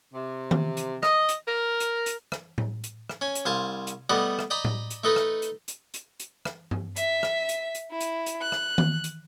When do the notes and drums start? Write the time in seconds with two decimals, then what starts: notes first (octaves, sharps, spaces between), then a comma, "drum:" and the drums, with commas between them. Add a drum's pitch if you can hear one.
0.13 C3
0.51 drum: tom D#3
0.77 drum: hi-hat
1.03 D#5, drum: rim click
1.29 drum: hi-hat
1.47 A#4
1.80 drum: hi-hat
2.06 drum: hi-hat
2.32 drum: rim click
2.58 drum: tom A2
2.84 drum: hi-hat
3.09 drum: rim click
3.21 C#4 G#5
3.35 drum: hi-hat
3.46 C2 C5 F5 G#5 A5
3.87 drum: hi-hat
4.10 G3 A3 B3 D5 D#5 F#5
4.39 drum: rim click
4.50 D5 D#5 G5 A#5 B5
4.65 drum: tom A2
4.90 drum: hi-hat
5.04 A3 D#4 A4 B4 D#5
5.16 drum: rim click
5.42 drum: hi-hat
5.68 drum: hi-hat
5.94 drum: hi-hat
6.20 drum: hi-hat
6.45 drum: rim click
6.71 drum: tom G2
6.96 E5 B6, drum: hi-hat
7.23 drum: rim click
7.49 drum: hi-hat
7.75 drum: hi-hat
7.91 E4
8.00 drum: hi-hat
8.26 drum: hi-hat
8.41 F#6
8.52 drum: rim click
8.78 drum: tom D#3
9.04 drum: hi-hat